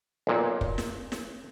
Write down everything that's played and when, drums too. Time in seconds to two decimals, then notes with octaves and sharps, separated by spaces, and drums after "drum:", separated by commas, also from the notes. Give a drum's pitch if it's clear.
0.27 B1 A#2
0.61 drum: kick
0.78 drum: snare
1.12 drum: snare